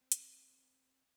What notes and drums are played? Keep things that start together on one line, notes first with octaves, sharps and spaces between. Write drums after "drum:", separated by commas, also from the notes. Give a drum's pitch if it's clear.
C4
drum: hi-hat